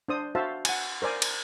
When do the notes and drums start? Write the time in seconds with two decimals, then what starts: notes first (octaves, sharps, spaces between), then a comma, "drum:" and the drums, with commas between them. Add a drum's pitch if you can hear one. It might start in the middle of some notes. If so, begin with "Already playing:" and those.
0.08 D4 C5 D#6
0.35 F#4 C5 E5 F5 A5
0.65 F#5 G#5, drum: cymbal
1.02 A#4 C5 D5 G#5
1.22 drum: cymbal